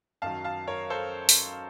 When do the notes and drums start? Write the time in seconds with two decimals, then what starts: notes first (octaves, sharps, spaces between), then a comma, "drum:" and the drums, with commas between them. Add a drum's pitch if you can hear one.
0.22 F#2 D#3 F#3 F5 A5
0.44 F5 A5
0.67 A#4 C#5
0.90 A4 C5
1.29 drum: open hi-hat